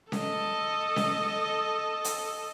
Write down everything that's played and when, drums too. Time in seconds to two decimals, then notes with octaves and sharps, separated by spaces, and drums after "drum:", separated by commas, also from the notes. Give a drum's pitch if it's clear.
0.12 A4 D#5, drum: snare C#4
0.96 drum: snare C#4
2.04 drum: hi-hat